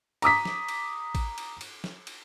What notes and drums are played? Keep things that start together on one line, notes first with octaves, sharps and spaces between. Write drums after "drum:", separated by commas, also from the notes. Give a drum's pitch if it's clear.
A#5 D6 D#6 B6, drum: cymbal
drum: snare
drum: cymbal
drum: kick, cymbal
drum: cymbal
drum: cymbal
drum: snare
drum: cymbal